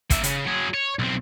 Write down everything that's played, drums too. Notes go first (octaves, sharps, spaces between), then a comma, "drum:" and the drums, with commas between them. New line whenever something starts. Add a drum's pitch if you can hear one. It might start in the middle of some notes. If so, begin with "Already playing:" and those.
A#3 E5, drum: kick, hi-hat
C#3, drum: hi-hat
F#3 G#4
C#5
B1 C4